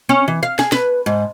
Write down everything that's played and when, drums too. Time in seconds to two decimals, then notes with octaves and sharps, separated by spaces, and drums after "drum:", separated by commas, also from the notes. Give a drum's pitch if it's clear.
0.09 C#4
0.28 E3
0.43 F5
0.59 G#4, drum: snare
0.72 B4, drum: snare
1.06 G#2